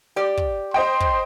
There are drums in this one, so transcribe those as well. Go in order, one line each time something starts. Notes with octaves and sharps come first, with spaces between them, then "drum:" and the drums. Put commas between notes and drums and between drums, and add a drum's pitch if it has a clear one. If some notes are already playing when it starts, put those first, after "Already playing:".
G4 D5
drum: kick
C5 D#5 G5 C6
drum: kick